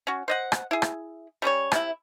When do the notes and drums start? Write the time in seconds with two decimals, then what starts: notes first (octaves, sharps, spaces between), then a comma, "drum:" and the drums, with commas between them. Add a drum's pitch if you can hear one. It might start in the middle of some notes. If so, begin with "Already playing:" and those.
0.07 C#4 F#4
0.28 C5 D#5 F#5
0.52 drum: rim click
0.71 E4 G#4
0.82 drum: rim click
1.42 G3 C#4 C5 C#5
1.72 C3 E4, drum: rim click